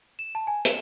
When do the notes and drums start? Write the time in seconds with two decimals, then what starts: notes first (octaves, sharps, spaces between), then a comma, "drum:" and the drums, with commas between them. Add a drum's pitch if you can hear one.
0.19 E7
0.35 A5
0.47 G#5
0.65 E7, drum: hi-hat